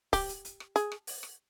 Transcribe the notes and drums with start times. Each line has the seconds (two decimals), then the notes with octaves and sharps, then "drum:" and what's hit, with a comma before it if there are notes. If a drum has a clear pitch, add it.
0.13 G4, drum: kick C#1, open hi-hat
0.29 drum: hi-hat
0.45 drum: hi-hat
0.60 drum: rim click
0.76 G#4, drum: hi-hat
0.92 drum: rim click
1.07 drum: open hi-hat
1.23 drum: rim click